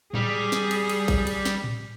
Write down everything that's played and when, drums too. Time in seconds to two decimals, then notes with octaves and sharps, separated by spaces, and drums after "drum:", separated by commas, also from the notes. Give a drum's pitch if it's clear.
0.15 G3 G#4, drum: tom A2
0.52 drum: snare
0.71 drum: cymbal
0.89 drum: cymbal
1.08 drum: kick A1, cymbal
1.27 drum: cymbal
1.45 drum: snare
1.64 drum: tom A2